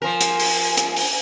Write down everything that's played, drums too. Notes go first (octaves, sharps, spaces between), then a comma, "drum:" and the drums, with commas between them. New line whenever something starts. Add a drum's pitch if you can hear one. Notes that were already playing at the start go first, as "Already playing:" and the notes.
F3 A#4 G#5
drum: hi-hat
drum: open hi-hat
drum: hi-hat
drum: open hi-hat